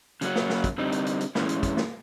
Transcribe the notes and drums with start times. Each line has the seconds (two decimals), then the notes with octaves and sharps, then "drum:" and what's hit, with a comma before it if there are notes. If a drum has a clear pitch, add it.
0.21 C#3 F#3 A#3 C#4 F#4, drum: hi-hat
0.36 drum: snare
0.50 drum: snare
0.64 drum: kick, hi-hat
0.78 D3 G3 C4 D#4
0.92 drum: hi-hat
1.06 drum: hi-hat
1.21 drum: hi-hat
1.35 A2 E3 G#3 C#4 E4, drum: snare
1.49 drum: hi-hat
1.63 drum: kick, hi-hat
1.77 drum: snare